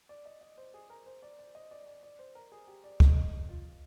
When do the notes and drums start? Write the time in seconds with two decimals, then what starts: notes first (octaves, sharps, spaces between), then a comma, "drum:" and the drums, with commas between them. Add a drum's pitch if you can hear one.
0.09 D5
0.25 D#5
0.41 D#5
0.58 C5
0.74 G#4
0.90 A#4
1.06 C5
1.23 D5
1.39 D5
1.55 D#5
1.71 D5
1.87 D5
2.03 D5
2.19 C5
2.35 A#4
2.52 G#4
2.68 G4
2.84 D5
3.00 D#5, drum: kick
3.16 D#5
3.49 F4